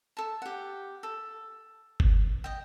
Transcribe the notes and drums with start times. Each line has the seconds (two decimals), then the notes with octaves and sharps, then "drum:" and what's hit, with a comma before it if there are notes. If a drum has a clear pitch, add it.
0.17 A4 A5
0.42 G4 F#5
1.03 A4
2.00 drum: kick F#1
2.44 D#5 G5